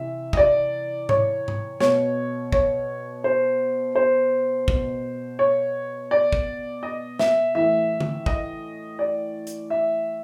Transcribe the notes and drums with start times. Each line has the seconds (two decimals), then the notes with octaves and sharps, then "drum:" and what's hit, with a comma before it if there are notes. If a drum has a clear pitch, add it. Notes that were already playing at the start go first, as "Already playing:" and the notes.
Already playing: C3 E3 E5
0.33 D#5, drum: kick
0.37 D5
1.09 C#5, drum: tom G#2
1.48 drum: tom G#2
1.80 B2 C#5, drum: snare
2.52 C#5, drum: kick
3.24 C5
3.96 C5
4.68 B2, drum: kick
5.39 C#5
6.11 D5
6.32 drum: kick
6.83 D#5
7.19 E5, drum: snare
7.55 A2 E3 E5
8.00 drum: tom D3
8.26 D#5, drum: kick
8.99 D5
9.47 drum: hi-hat
9.70 E5